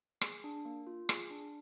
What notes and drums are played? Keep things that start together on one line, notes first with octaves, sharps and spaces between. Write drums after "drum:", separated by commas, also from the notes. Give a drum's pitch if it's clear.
G#4, drum: rim click
D4
A#3
F4
G#4, drum: rim click
D4